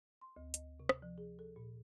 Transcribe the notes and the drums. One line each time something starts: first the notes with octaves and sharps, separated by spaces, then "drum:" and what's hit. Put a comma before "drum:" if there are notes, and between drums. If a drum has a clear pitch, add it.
C6
D2
D#5, drum: hi-hat
C3
drum: rim click
F3
G#4
A4
A#2